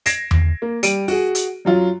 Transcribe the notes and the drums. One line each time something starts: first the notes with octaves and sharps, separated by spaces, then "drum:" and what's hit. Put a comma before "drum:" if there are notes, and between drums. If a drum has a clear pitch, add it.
G#6 A#6 C7 D7 E7, drum: hi-hat
drum: tom E2
A#3
G3 D7 D#7, drum: hi-hat
F#4 G#4, drum: open hi-hat
drum: hi-hat
F#2 F#3 F4